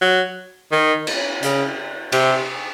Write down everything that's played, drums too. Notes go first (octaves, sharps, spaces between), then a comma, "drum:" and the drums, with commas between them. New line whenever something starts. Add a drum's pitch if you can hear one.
F#3
D#3
drum: cymbal
C#3, drum: hi-hat
C3, drum: cymbal